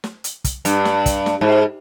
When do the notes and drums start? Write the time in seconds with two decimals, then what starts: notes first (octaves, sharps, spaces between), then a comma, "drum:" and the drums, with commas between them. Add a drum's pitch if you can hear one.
0.04 drum: snare
0.24 drum: hi-hat
0.44 drum: kick, hi-hat
0.65 G2, drum: hi-hat
0.85 drum: snare
1.06 drum: kick, hi-hat
1.26 drum: snare
1.41 G#2